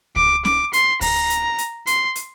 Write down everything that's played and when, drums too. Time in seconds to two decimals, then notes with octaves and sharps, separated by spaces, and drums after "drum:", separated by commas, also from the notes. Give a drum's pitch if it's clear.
0.16 D6, drum: kick C#2
0.45 D6, drum: snare C#4
0.73 C6, drum: hi-hat
1.01 A#5, drum: kick C#2, open hi-hat
1.30 drum: hi-hat
1.58 drum: hi-hat
1.87 C6, drum: hi-hat
2.15 drum: hi-hat